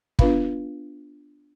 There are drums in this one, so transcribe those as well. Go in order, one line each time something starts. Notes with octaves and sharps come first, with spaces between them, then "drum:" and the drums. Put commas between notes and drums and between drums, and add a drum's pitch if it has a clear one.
B3 D4 F4 B4 F5 B5, drum: kick